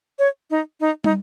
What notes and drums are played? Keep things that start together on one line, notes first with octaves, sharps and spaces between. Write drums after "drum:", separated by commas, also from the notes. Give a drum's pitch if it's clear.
C#5
D#4
D#4
D#4, drum: tom